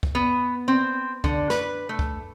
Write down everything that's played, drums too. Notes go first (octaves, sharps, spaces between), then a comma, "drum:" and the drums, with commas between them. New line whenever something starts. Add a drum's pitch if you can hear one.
drum: kick
B3
C4
D3, drum: kick
B4, drum: snare
A3
drum: kick